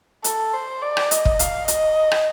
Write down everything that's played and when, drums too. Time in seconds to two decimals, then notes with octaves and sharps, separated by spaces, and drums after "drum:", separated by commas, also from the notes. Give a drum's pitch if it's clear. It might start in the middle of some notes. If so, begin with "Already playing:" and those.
0.24 A4, drum: hi-hat
0.54 C5
0.82 D5
0.97 drum: rim click
1.11 D#5, drum: hi-hat
1.25 drum: kick
1.39 F5, drum: hi-hat
1.68 D#5, drum: hi-hat
2.12 drum: rim click